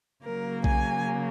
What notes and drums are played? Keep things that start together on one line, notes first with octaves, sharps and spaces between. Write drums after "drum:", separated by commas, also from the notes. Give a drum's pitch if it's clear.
C#3 F#3 A#3 A#4
G#5, drum: kick B1